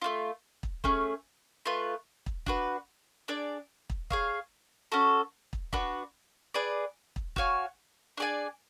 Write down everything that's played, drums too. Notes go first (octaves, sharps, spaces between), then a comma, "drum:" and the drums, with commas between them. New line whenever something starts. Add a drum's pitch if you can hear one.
A3 D4 F4
drum: kick
A3 C#4 G#4, drum: kick
A3 F4 B4
drum: kick
D4 F#4 B4, drum: kick
D4 G#4 D5
drum: kick
G#4 C#5 F5, drum: kick
C#4 F#4 A4
drum: kick
D4 F#4 B4, drum: kick
G#4 B4 D5
drum: kick
F#4 C#5 F5 G#5, drum: kick
D4 G#4 D5 G#5